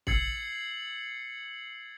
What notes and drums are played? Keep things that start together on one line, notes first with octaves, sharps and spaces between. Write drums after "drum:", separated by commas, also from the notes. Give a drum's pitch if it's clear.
E6 G#6 A6 C7 C#7 F#7, drum: kick